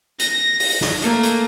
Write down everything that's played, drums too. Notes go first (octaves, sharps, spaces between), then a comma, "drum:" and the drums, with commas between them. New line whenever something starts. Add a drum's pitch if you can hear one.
A#6, drum: hi-hat
drum: open hi-hat
drum: snare
A3 A#3, drum: hi-hat
drum: hi-hat